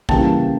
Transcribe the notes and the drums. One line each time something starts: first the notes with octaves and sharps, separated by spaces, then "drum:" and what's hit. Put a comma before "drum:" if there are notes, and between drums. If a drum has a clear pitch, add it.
C#3 E3 G3 A#3 G5 A5, drum: kick